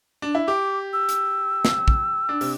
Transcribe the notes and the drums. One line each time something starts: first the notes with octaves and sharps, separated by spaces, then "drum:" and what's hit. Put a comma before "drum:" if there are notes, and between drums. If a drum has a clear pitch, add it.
D4
E4
G4 D6
E6
drum: hi-hat
drum: snare
drum: kick
D4
C3, drum: open hi-hat